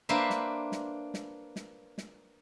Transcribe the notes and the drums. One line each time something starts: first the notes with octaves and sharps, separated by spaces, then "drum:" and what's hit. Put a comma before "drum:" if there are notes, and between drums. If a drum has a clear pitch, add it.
A#3 D4 B4 C5 E5
drum: snare
drum: snare
drum: snare
drum: snare
drum: snare